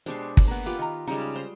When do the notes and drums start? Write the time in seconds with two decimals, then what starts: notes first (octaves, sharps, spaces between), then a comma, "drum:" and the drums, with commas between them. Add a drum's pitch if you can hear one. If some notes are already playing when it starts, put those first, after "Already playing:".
0.06 B2 G#3 D4 G4 C5 C#6
0.37 drum: kick
0.47 A#3 B3
0.66 F4 G4 B4
0.79 D#3 A#5
1.07 C#3 G3 G#3 D#4
1.36 C5 C6